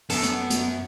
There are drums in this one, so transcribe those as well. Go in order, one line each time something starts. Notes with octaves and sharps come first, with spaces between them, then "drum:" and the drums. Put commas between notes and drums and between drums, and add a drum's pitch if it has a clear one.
F#2 B3 A4, drum: open hi-hat
drum: hi-hat
drum: hi-hat